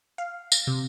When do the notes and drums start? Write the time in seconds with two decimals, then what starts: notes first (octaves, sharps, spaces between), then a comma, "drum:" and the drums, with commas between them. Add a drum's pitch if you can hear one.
0.18 F5
0.52 A#6, drum: tambourine
0.67 C3